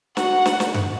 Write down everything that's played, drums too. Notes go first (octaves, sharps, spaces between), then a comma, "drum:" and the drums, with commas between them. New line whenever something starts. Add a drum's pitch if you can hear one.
F#4 F#5, drum: snare
drum: snare
drum: snare
drum: tom F#2